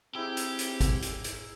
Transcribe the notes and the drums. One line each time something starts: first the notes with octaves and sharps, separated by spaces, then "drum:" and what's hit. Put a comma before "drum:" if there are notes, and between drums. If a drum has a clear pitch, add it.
C4 D#4 E4 G4 G#4
drum: hi-hat
drum: hi-hat
drum: kick G#1, hi-hat
drum: hi-hat
drum: hi-hat